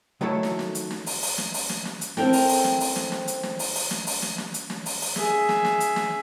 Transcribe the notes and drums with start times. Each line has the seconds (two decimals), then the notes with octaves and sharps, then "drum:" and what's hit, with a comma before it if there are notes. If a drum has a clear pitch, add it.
0.21 D#3 F#3 A3 E4 A4 C#5
0.43 drum: snare
0.59 drum: snare
0.75 drum: hi-hat
0.91 drum: snare
1.06 drum: open hi-hat
1.22 drum: open hi-hat
1.38 drum: snare
1.54 drum: open hi-hat
1.70 drum: snare
1.85 drum: snare
2.01 drum: hi-hat
2.17 C4 E4 A4 A#4 G5, drum: snare
2.33 drum: open hi-hat
2.49 drum: open hi-hat
2.64 drum: snare
2.80 drum: open hi-hat
2.96 drum: snare
3.12 drum: snare
3.28 drum: hi-hat
3.43 drum: snare
3.59 drum: open hi-hat
3.75 drum: open hi-hat
3.91 drum: snare
4.07 drum: open hi-hat
4.22 drum: snare
4.38 drum: snare
4.54 drum: hi-hat
4.70 drum: snare
4.86 drum: open hi-hat
5.01 drum: open hi-hat
5.16 G#4 E5, drum: snare
5.49 drum: snare
5.65 drum: snare
5.80 drum: hi-hat
5.96 drum: snare